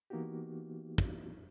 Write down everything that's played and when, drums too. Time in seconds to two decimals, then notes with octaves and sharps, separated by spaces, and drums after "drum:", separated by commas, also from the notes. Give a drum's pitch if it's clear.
0.10 E3 A#3 B3 D#4 F#4 G4
0.98 drum: kick